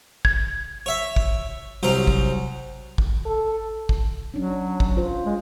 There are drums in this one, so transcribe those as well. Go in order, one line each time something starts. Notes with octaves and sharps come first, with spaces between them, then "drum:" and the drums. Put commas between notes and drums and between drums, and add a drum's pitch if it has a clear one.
G#6, drum: kick
C#5 E5
drum: kick
C2 F#3 C5 A#5
drum: kick
drum: kick
A4
drum: kick
F#3 C#4 D4
drum: kick
F4 C5
G#3